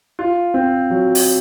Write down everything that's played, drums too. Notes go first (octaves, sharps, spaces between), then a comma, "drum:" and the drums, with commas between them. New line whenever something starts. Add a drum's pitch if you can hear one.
F4
C4
F#3
drum: open hi-hat